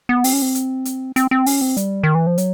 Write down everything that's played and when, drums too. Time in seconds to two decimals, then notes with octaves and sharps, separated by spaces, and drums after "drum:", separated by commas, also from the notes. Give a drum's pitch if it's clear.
0.09 B3
0.24 C4, drum: open hi-hat
0.33 C#4
0.42 C4
0.55 drum: hi-hat
0.85 drum: hi-hat
1.16 C4, drum: hi-hat
1.31 C4
1.46 C#4, drum: open hi-hat
1.61 C4
1.77 G3, drum: hi-hat
2.03 D#3
2.15 E3
2.27 F3
2.38 F#3, drum: hi-hat